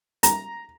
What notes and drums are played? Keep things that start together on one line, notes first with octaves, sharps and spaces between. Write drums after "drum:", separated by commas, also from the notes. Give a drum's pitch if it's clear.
A#5, drum: hi-hat